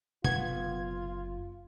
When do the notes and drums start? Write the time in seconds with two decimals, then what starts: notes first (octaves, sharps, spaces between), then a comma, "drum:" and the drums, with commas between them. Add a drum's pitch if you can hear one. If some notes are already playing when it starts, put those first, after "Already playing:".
0.24 F#1 C3 B3 F4 G#6, drum: tom B2